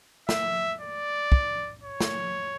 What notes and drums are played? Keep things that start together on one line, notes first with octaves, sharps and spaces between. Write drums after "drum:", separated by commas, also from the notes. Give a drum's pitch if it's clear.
E5, drum: snare
D5
drum: kick
C#5
drum: snare